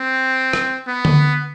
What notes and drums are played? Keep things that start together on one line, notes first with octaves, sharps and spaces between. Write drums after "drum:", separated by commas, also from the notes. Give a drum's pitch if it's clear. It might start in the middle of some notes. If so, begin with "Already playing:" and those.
Already playing: C4
drum: rim click
B3
drum: tom D3